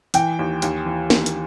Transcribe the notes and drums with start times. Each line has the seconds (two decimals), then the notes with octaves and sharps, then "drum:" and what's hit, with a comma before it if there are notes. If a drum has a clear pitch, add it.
0.14 E3 G5, drum: hi-hat
0.39 D#2
0.62 D#2, drum: hi-hat
0.86 E3
1.10 D#3, drum: snare
1.26 drum: hi-hat